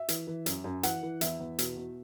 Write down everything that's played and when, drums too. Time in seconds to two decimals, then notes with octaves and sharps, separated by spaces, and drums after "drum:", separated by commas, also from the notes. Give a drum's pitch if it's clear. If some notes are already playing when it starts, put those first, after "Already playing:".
Already playing: E5
0.09 E3, drum: hi-hat
0.27 E3
0.46 F#2, drum: hi-hat
0.64 F#2
0.83 E3 F#5, drum: hi-hat
1.03 E3
1.21 E2 E5, drum: hi-hat
1.40 E2
1.59 B2, drum: hi-hat
1.77 B2